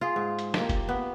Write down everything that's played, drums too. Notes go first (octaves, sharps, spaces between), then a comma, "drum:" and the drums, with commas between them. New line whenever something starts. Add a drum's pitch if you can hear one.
F4 G#4
G#2
drum: hi-hat
A#3 G4, drum: snare
drum: kick F1, hi-hat
B3